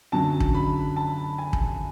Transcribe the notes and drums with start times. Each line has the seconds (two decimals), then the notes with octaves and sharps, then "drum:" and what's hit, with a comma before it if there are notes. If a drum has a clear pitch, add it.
0.12 F#2 D3 F#3 A5
0.40 drum: kick
0.55 B5
0.96 A5
1.38 G#5
1.53 drum: kick